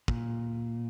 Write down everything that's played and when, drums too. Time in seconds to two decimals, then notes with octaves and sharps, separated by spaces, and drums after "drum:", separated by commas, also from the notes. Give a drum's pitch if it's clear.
0.08 A#2, drum: kick